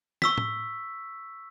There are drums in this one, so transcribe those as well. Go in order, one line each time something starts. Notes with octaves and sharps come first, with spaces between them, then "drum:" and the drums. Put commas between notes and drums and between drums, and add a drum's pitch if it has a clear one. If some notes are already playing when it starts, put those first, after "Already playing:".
C#6 E6 B6, drum: snare
drum: tom